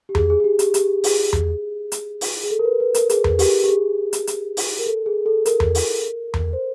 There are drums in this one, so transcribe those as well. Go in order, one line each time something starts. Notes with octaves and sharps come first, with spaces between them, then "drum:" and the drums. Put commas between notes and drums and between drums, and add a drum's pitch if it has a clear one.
G4
G#4, drum: tom E2
G#4
G#4
G4
G4, drum: hi-hat
G4, drum: hi-hat
G#4, drum: open hi-hat
drum: tom E2
drum: hi-hat
drum: open hi-hat
G#4
A4
A#4
B4
B4
A#4, drum: hi-hat
G#4, drum: hi-hat
drum: tom E2
G4, drum: open hi-hat
G4
G#4
drum: hi-hat
drum: hi-hat
drum: open hi-hat
A#4
A4
G#4
A4
A#4, drum: hi-hat
drum: tom E2
drum: open hi-hat
drum: tom E2
C5